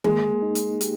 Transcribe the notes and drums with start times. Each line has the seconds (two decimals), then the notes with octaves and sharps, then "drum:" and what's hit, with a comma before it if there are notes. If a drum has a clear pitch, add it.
0.04 G#3 A#3, drum: tom D#3
0.42 D#4
0.55 drum: hi-hat
0.81 G4, drum: hi-hat